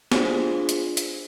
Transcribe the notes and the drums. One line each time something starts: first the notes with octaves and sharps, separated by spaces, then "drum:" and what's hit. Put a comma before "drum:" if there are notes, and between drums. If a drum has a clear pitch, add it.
D4 F4 G#4 C5, drum: snare
drum: hi-hat
drum: hi-hat